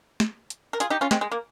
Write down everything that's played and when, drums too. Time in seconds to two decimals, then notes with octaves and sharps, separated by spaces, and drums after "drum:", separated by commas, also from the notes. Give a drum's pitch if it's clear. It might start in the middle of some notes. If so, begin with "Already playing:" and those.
0.20 drum: snare
0.50 drum: hi-hat
0.73 A#4
0.80 F4 G#4, drum: hi-hat
0.90 D#4 G4
1.01 C#4 F4
1.11 G#3 C4, drum: snare
1.21 G#3
1.32 A#3